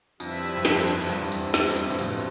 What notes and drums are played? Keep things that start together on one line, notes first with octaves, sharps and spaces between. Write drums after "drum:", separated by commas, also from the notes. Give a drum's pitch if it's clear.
F2 G3 C4 E4 B4 E5, drum: tambourine
drum: tambourine
G2
F2, drum: snare
drum: tambourine
E2 G2 G3 C4 E4, drum: tambourine
drum: tambourine
drum: snare
drum: tambourine
A2
G2 B2 E3 G3 C4, drum: tambourine
B2